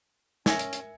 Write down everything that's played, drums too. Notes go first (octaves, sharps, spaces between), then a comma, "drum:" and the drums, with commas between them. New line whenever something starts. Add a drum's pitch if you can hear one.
C#4 A#4 E5 G#5 E6 G#6 C#7, drum: snare
drum: hi-hat
drum: hi-hat